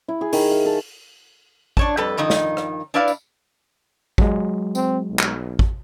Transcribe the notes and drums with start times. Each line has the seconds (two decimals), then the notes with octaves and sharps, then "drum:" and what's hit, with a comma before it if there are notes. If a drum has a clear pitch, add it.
0.08 E4
0.21 G#4
0.33 D#3, drum: open hi-hat
0.52 F5
0.65 A4
1.77 D4 C#5 A5, drum: kick
1.97 F2 G3 A4 B4
2.17 G2 D#3 F3 D#4
2.30 drum: snare
2.57 drum: rim click
2.94 D4 E4 B4 D5 F5
3.08 drum: tambourine
4.18 F#3 G#3, drum: kick
4.75 C4, drum: tambourine
5.10 B1
5.19 drum: clap
5.59 drum: kick